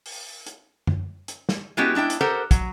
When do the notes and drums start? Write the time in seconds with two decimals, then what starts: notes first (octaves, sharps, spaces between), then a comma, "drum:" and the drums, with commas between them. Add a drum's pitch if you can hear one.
0.06 drum: open hi-hat
0.47 drum: hi-hat
0.87 drum: tom
1.28 drum: hi-hat
1.49 drum: snare
1.77 G#3 B3 C#4 E4 F#4 G4
1.95 G#3 D4 E4 G5
2.10 drum: hi-hat
2.21 G4 A4 A#4 C5 F#5
2.51 F#3, drum: kick, hi-hat